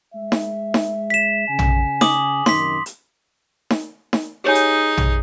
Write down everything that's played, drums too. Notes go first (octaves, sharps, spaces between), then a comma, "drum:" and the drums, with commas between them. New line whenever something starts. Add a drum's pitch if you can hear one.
G#3 E5
drum: snare D#4
drum: snare D#4
B6 E7
C#3 G#5
drum: tom A#1
D6 D#6 F#7, drum: snare D#4
F#2 C3 D#3 C6 B6, drum: snare D#4
drum: hi-hat
drum: snare D#4
drum: snare D#4
D#4 G4 G#4 C#5 G#5
drum: hi-hat
drum: tom A#1